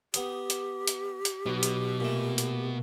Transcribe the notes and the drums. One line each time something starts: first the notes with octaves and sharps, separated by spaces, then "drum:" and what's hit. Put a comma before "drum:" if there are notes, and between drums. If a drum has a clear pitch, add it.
B3 G4 D#6, drum: hi-hat
drum: hi-hat
drum: hi-hat
drum: hi-hat
B1 B2
drum: hi-hat
A#2 A3
drum: hi-hat